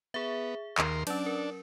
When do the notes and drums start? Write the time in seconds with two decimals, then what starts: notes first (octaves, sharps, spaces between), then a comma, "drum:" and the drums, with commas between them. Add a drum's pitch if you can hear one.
0.14 B3 G#4 E5
0.78 D#2 A#4 C6, drum: clap
1.07 F#3 C#4 D4, drum: cymbal
1.26 A#4